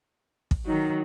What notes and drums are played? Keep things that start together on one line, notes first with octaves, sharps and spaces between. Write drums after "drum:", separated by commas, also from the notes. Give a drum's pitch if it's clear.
drum: kick
D#3 F#3 D#4